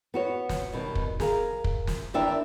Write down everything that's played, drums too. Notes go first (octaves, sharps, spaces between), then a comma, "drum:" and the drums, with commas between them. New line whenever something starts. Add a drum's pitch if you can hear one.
B3 F#4 C#5
drum: snare
G2 B2 D#3
drum: kick
G#4 A#4 F5, drum: snare
drum: kick
drum: snare
D#2 E3 D4 A#4 E5 G5